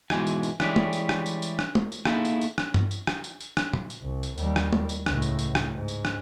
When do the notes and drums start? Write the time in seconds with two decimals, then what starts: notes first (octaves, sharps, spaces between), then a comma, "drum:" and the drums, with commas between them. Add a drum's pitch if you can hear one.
0.10 G#2 B2 D#3 E3 G#3 G#5, drum: rim click
0.27 drum: tambourine
0.43 drum: tambourine
0.60 E3 G3 G#3 C#4 G4 G#4, drum: rim click
0.76 drum: tom
0.93 drum: tambourine
1.09 drum: rim click
1.26 drum: tambourine
1.42 drum: tambourine
1.59 drum: rim click
1.75 drum: tom
1.92 drum: tambourine
2.05 A#3 B3 D#4 E4 G#4 A4, drum: rim click
2.25 drum: tambourine
2.41 drum: tambourine
2.58 drum: rim click
2.74 drum: tom G2
2.91 drum: tambourine
3.07 drum: rim click
3.24 drum: tambourine
3.40 drum: tambourine
3.57 drum: rim click
3.73 drum: tom A#2
3.90 drum: tambourine
4.01 C2
4.23 drum: tambourine
4.38 D#2 G3, drum: tambourine
4.56 drum: rim click
4.73 drum: tom
4.89 drum: tambourine
5.06 C#2 A2, drum: rim click
5.22 drum: tambourine
5.39 drum: tambourine
5.55 drum: rim click
5.76 G#2
5.88 drum: tambourine
6.05 drum: rim click